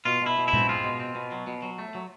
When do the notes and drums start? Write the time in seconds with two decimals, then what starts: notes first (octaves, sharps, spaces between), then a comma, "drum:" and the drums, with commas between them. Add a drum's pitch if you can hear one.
0.05 B2 F4
0.22 B2 E4
0.38 B2
0.48 E4
0.53 C4, drum: tom A#2
0.69 G#3 F4
0.84 B2
0.99 C4
1.15 B2
1.32 F#3
1.47 B2
1.63 F#3
1.79 A3
1.95 F#3